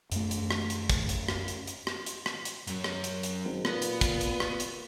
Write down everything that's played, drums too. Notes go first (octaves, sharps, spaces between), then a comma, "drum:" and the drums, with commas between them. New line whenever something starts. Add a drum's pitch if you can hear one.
F#2 A3, drum: hi-hat
drum: hi-hat
drum: rim click
drum: hi-hat
drum: kick, hi-hat
drum: hi-hat
drum: rim click
drum: hi-hat
drum: hi-hat
drum: rim click
drum: hi-hat
drum: rim click
drum: hi-hat
F#2 F#3, drum: hi-hat
drum: rim click
drum: hi-hat
drum: hi-hat
G#1
A#2 B3, drum: rim click
drum: hi-hat
drum: kick, hi-hat
drum: hi-hat
drum: rim click
drum: hi-hat